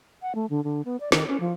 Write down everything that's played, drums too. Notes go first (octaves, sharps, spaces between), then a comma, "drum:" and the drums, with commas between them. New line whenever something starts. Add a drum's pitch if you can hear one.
F#5
A3
D3
D3
B3
D5
D#3, drum: snare
C#4
F3